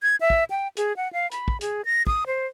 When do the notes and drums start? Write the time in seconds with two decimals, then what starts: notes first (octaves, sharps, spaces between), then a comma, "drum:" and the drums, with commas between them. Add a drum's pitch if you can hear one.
0.02 G#6
0.21 E5
0.30 drum: kick
0.50 G5
0.77 G#4, drum: hi-hat
0.97 F#5
1.13 F5
1.32 B5, drum: hi-hat
1.48 drum: kick
1.61 G#4, drum: hi-hat
1.85 A#6
2.07 D#6, drum: kick
2.27 C5